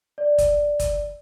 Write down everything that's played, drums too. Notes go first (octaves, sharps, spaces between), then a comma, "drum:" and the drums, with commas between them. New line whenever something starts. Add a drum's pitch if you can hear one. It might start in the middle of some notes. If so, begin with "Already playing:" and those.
D5
drum: kick, hi-hat
drum: kick, hi-hat